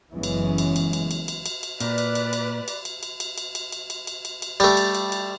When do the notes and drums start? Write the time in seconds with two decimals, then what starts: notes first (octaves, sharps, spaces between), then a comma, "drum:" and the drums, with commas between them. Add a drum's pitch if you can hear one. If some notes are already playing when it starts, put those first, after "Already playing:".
0.13 F#1 F#2 E3 G#3 B3 C#4
0.23 drum: cymbal
0.58 drum: cymbal
0.76 drum: cymbal
0.93 drum: cymbal
1.11 drum: cymbal
1.28 drum: cymbal
1.46 drum: cymbal
1.63 drum: cymbal
1.80 A#2 B4 D5 F#6, drum: cymbal
1.98 drum: cymbal
2.15 drum: cymbal
2.33 drum: cymbal
2.68 drum: cymbal
2.85 drum: cymbal
3.03 drum: cymbal
3.20 drum: cymbal
3.38 drum: cymbal
3.55 drum: cymbal
3.72 drum: cymbal
3.90 drum: cymbal
4.07 drum: cymbal
4.25 drum: cymbal
4.42 drum: cymbal
4.60 G3 A3, drum: cymbal
4.77 drum: cymbal
4.95 drum: cymbal
5.12 drum: cymbal